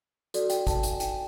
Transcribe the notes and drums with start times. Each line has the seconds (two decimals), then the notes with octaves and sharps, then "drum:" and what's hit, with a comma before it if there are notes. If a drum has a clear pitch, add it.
0.34 F#4 A4 D5, drum: hi-hat
0.50 G5, drum: hi-hat
0.67 A5, drum: kick, hi-hat
0.83 G#5, drum: hi-hat
1.00 G5, drum: hi-hat